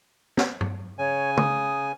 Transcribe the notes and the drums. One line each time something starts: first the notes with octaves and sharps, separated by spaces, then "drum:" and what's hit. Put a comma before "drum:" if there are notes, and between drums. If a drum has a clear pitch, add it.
drum: snare
drum: tom G2
C#3 C#5 G#5
D#6, drum: tom